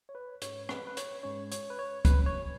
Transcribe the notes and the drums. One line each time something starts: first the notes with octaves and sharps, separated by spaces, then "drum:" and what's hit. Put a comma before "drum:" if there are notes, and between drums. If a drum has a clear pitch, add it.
C#5
B4
G#2 G#3 C#4 C#5, drum: hi-hat
B4, drum: rim click
B4
C#5, drum: hi-hat
G#2 G#3 C#4 C#5
C#5, drum: hi-hat
B4
C#5
E2 C#3 F#3 C#4 B4, drum: kick, hi-hat
C#5